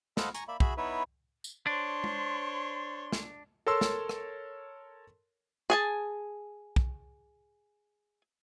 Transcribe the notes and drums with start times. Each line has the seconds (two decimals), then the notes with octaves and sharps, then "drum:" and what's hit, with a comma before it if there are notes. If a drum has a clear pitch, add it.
0.17 A4 C5 D#5 F5 F#5 B5, drum: snare
0.35 G#5 A#5 C#6, drum: hi-hat
0.48 A#3 D5 E5 B5
0.60 F#4 G#4 E5 B5, drum: kick
0.77 B3 D#4 E4 B4 C#5 E5
1.44 drum: tambourine
1.67 D4 C5 C#5 C6
2.04 drum: tom G#3
3.12 drum: snare
3.67 A4 A#4 C#5 A5 C6 E6
3.81 drum: snare
4.09 drum: rim click
5.70 G#4 G#5 A5
6.76 drum: kick